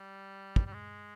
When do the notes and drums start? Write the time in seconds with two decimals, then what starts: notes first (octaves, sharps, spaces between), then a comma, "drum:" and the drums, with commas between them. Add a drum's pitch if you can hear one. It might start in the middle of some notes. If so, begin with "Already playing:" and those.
Already playing: G3
0.56 drum: kick
0.67 G3
0.74 G#3